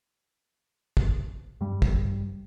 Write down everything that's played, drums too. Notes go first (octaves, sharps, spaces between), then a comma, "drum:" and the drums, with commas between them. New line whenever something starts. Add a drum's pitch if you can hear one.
drum: kick
G2 G3
drum: kick